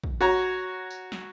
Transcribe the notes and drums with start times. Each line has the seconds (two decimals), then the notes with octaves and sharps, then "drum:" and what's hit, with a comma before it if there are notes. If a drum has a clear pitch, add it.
0.04 drum: kick
0.21 F#4 C#5 A#5
0.90 drum: tambourine
1.12 drum: snare